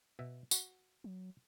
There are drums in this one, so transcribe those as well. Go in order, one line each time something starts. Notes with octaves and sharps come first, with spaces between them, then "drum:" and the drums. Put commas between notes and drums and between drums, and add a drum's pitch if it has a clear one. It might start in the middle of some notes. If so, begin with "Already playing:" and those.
B2 E5
F#4, drum: tambourine
F#3